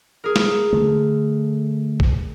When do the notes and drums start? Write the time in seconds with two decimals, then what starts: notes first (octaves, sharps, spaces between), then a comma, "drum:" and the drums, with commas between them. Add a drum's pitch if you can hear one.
0.24 G#4 A#4
0.36 drum: snare
0.73 D3 A3
2.00 drum: kick A#1